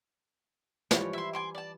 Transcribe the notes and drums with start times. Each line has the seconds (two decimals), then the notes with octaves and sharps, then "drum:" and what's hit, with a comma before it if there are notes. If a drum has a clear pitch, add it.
0.91 E3 F3 G3 C#5, drum: snare
1.13 E4 E5 C6
1.33 G#5 C6 D6
1.55 D5 A5